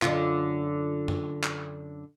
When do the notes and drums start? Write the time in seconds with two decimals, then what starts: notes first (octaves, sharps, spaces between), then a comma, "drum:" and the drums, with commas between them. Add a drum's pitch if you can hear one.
0.02 F#2 D3 F4, drum: clap
1.08 drum: tom F#2
1.44 drum: clap